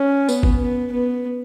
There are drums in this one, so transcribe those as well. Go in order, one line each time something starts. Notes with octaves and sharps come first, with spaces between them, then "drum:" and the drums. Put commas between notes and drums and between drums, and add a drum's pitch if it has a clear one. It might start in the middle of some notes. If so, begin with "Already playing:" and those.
Already playing: C#4
B3, drum: tambourine
drum: kick G#1
B3
B3